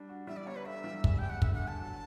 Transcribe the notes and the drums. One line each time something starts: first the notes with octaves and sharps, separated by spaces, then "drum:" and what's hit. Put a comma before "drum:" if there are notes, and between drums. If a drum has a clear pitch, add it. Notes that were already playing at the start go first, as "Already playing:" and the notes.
Already playing: G3 D4
F#4
G3 E5
D5
G1 C#5
B4
D3 E5
G3
E2, drum: kick
E2 G5
F#5
D3 E5, drum: kick
F#5
D3
A5
F#3